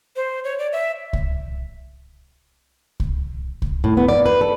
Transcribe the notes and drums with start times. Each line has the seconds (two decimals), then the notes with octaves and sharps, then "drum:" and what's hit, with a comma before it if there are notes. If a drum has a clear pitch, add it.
0.16 C5
0.44 C#5
0.59 D5
0.73 E5
1.13 drum: kick C2
3.00 drum: kick C2
3.62 drum: kick C2
3.84 A2
3.97 B3
4.08 D5
4.26 B4
4.41 A4